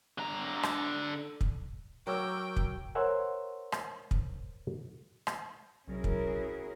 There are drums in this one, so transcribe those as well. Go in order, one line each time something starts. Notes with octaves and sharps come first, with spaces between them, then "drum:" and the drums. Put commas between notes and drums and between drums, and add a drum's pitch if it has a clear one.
D3 A#5
drum: rim click
drum: kick
F#3 A#4 G5 C#6 D6 E6
drum: kick
A#4 C5 C#5 E5 F#5 G#5
drum: rim click
drum: kick
drum: rim click
B1 C3 F#3 C#4 E4 F#4 G#4 A#4
drum: kick